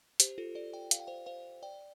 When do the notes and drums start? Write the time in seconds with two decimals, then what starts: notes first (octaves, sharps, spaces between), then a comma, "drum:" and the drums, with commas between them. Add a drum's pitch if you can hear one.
0.20 G4 C5, drum: hi-hat
0.38 F4 A4
0.55 A4 D5
0.73 D5 G5
0.91 F5, drum: hi-hat
1.00 G5
1.07 C5 F5
1.26 C5 F5
1.63 D5 G5